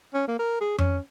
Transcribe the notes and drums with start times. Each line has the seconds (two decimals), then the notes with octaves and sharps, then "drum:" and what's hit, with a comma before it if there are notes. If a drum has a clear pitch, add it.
0.14 C#4
0.28 A#3
0.39 A#4
0.61 G#4
0.78 C#4, drum: tom F2